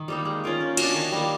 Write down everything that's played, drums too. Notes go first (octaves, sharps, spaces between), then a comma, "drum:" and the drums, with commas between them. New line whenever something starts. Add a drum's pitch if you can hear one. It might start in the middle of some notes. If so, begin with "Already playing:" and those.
Already playing: D#3
G3 A#3 D#4
G#3
C#4 F4 A#4
A#3
D4 F#4, drum: cymbal
D#3
G3 A#3